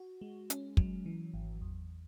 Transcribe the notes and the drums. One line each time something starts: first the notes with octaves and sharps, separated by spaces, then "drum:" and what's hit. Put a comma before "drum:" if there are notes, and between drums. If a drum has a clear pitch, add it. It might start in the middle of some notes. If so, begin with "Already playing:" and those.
Already playing: F#4
G#3
C#4, drum: hi-hat
F#3, drum: kick
E3
G#1
E2